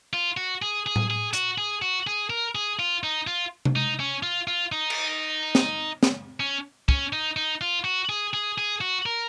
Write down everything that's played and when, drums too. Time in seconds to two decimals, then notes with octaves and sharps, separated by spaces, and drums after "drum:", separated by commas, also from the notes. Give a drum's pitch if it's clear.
0.13 F4
0.37 F#4
0.62 G#4
0.86 G#4
0.96 drum: tom A2
1.10 G#4
1.33 F#4, drum: hi-hat
1.58 G#4
1.82 F#4
2.07 G#4
2.30 A#4
2.55 G#4
2.79 F4
3.03 D#4
3.27 F4
3.65 drum: tom C3
3.76 D#4
4.00 C#4
4.23 F4
4.47 F4
4.72 D#4
4.90 drum: cymbal
5.55 drum: snare
6.03 drum: snare
6.40 C#4
6.89 C#4, drum: kick
7.13 D#4
7.36 D#4
7.61 F4
7.84 F#4
8.09 G#4
8.34 G#4
8.58 G#4
8.81 F#4
9.06 A#4